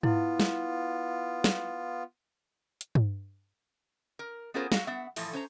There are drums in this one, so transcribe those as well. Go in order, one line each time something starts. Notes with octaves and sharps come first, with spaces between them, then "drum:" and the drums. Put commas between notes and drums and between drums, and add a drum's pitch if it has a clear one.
B3 E4 F4, drum: tom G#2
drum: snare
drum: snare
drum: hi-hat
drum: tom
A#4
B3 C#4 F4 G#4 A#4 C5
F#4 F5, drum: snare
B3 E5 F#5
A2 E3 F3 A3, drum: open hi-hat
C#4 C5 A#5